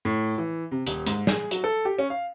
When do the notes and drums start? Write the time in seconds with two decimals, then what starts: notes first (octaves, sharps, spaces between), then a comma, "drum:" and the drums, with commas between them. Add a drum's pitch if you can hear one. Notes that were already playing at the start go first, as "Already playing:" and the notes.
0.05 A2
0.38 E3
0.71 C3
0.87 D#1, drum: hi-hat
1.07 G#2, drum: hi-hat
1.27 G#4, drum: snare
1.51 F#3, drum: hi-hat
1.64 A4
1.85 G4
1.98 C#4
2.10 F5